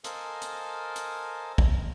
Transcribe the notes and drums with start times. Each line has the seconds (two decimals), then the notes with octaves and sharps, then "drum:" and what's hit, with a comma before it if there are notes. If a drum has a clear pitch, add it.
0.04 A4 A#4 C5 D#5 F5 G#5, drum: hi-hat
0.42 drum: hi-hat
0.96 drum: hi-hat
1.58 drum: kick